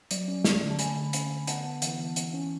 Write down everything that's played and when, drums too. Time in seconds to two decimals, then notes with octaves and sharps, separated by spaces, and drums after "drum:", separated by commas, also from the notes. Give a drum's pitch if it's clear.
0.11 F#3 D5, drum: hi-hat
0.28 C#4
0.44 A3, drum: snare
0.62 D3
0.70 A5
0.79 A3 G#5 B5, drum: hi-hat
0.96 D3
1.13 C#4, drum: hi-hat
1.30 D3
1.47 B3 F#5 A5, drum: hi-hat
1.64 B3
1.82 E3, drum: hi-hat
1.99 E3
2.16 E3, drum: hi-hat
2.34 C#4